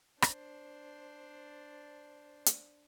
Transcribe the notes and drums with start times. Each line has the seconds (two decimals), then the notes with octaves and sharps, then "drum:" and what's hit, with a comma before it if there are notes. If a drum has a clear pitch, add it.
0.22 D4 C5, drum: rim click
2.46 drum: hi-hat